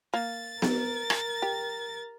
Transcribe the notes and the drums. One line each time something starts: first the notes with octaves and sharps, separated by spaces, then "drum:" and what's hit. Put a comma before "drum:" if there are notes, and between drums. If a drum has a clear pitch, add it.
A#3 A6
A#4, drum: snare B3
drum: rim click
G4